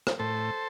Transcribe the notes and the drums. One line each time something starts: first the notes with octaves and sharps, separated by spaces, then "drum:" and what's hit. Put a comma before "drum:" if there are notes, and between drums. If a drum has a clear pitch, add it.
drum: rim click
A2 A4 C5